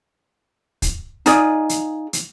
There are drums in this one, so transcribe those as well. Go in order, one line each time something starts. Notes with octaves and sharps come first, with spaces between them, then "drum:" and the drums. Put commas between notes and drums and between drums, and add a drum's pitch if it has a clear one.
drum: kick, hi-hat
D#4 F4 G#4 D5, drum: hi-hat
drum: hi-hat
drum: hi-hat